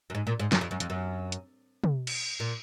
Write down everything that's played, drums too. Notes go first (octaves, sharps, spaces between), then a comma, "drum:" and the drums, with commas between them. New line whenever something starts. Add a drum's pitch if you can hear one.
F#2
G#2
A#2
G#2
F#2, drum: snare
F2
F#2
F2, drum: hi-hat
F#2
drum: hi-hat
drum: tom
drum: cymbal
A#2